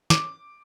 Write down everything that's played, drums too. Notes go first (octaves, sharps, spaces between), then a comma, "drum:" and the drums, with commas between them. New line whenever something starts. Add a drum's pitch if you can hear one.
D6, drum: snare